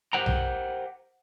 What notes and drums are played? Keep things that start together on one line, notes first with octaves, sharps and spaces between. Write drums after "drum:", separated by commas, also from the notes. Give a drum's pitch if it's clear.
G4 A#4 C5 F#5 G5 A#5
drum: tom B1